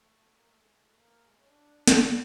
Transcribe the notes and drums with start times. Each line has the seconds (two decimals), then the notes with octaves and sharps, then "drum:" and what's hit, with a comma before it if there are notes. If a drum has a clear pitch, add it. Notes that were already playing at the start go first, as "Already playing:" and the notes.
Already playing: A3
0.36 A#3
0.49 A3
0.62 G#3
0.76 A3
0.89 A3
0.97 A#3
1.27 G#3
1.37 C#4
1.47 D4
1.87 drum: snare